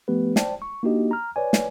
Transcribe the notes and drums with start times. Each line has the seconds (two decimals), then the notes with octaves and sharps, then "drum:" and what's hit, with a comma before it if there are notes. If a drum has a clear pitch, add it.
0.08 F3 A3 B3 G4 B4
0.36 C5 D5 G5 A5, drum: snare
0.62 C#6
0.83 A#3 D4 D#4 F#4 G4 D#5
1.11 A#5 F6
1.36 B4 C#5 D5 G#5
1.53 drum: snare